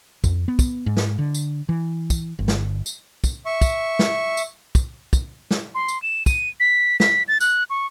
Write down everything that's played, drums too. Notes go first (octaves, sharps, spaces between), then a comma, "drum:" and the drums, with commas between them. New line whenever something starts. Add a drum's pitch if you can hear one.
F2, drum: kick, tambourine
B3
drum: kick, tambourine
G#2
drum: snare
D3
drum: tambourine
E3
drum: kick, tambourine
G1
drum: snare
drum: tambourine
drum: kick, tambourine
E5 C#6
drum: kick, tambourine
drum: snare
drum: tambourine
drum: kick, tambourine
drum: kick, tambourine
drum: snare
C6
drum: tambourine
E7
D#7, drum: kick, tambourine
B6
B6, drum: snare
A6
F#6, drum: tambourine
C#6